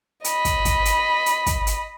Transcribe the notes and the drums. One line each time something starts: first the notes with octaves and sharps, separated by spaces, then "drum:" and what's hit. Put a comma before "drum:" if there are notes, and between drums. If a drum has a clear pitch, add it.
D#5 B5, drum: hi-hat
drum: kick, hi-hat
drum: kick, hi-hat
drum: hi-hat
drum: hi-hat
drum: kick, hi-hat
drum: hi-hat